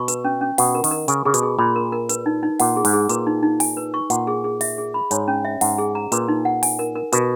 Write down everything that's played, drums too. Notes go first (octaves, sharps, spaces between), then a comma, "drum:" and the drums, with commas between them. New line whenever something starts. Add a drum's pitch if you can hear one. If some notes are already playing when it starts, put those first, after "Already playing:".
Already playing: B2 C#6
B4, drum: hi-hat
C#4
C#4
B2 F#5, drum: open hi-hat
A#4
D#3, drum: open hi-hat
A#4
C#3 G#5, drum: hi-hat
C#3 G#4
B2, drum: hi-hat
G#4
A#2 B5
A#4
A#4
B4, drum: hi-hat
D#4
D#4
A#2 F#5, drum: open hi-hat
G#4
G#2, drum: open hi-hat
G#4
A#2 B4, drum: hi-hat
D#4
D#4
G#5, drum: open hi-hat
B4
C#6
A#2 F#5, drum: hi-hat
G#4
G#4
E5, drum: open hi-hat
G#4
B5
G#2 C#5, drum: hi-hat
C#4
E5
G#2 F#5, drum: open hi-hat
G#4
A#5
A#2 B4, drum: hi-hat
D#4
F#5
G#5, drum: open hi-hat
A#4
A#4
B2 A#4, drum: hi-hat